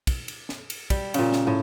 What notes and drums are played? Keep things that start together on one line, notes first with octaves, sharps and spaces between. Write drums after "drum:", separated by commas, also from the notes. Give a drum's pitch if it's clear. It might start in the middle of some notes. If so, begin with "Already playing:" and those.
drum: kick, cymbal
drum: cymbal
drum: snare
drum: cymbal
G3, drum: kick, cymbal
A#2 C#3, drum: cymbal
drum: snare
A2